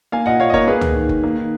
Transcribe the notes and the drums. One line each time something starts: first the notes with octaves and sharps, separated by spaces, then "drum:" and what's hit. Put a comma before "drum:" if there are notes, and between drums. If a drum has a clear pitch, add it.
A#3 F5 G#5
A#2 D#5 F#5
A#2 C#5 F5
D#5
A#3 A#4 C#5, drum: kick F#1
A#3 G#4 B4
A#3, drum: tom C#2
D#3
D#3, drum: kick F#1
A#3
D#3